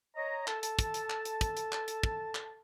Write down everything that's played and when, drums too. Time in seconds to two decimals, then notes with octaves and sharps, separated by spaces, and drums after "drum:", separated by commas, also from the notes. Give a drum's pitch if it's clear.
0.15 C#5 D#5 A#5
0.47 A4 A5, drum: clap
0.63 drum: hi-hat
0.79 drum: kick, hi-hat
0.94 drum: hi-hat
1.10 drum: clap
1.25 drum: hi-hat
1.41 drum: kick, hi-hat
1.57 drum: hi-hat
1.72 drum: clap
1.88 drum: hi-hat
2.03 drum: kick
2.35 drum: clap